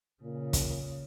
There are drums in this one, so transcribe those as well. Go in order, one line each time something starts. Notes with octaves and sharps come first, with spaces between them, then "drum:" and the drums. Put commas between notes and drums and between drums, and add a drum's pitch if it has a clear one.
A#2 C#3
drum: kick, hi-hat